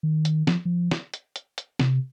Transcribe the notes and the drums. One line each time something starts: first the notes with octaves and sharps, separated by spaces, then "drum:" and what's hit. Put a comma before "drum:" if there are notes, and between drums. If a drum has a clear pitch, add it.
D#3
drum: hi-hat
F3, drum: snare
F3
drum: snare
drum: hi-hat
drum: hi-hat
drum: hi-hat
C3, drum: snare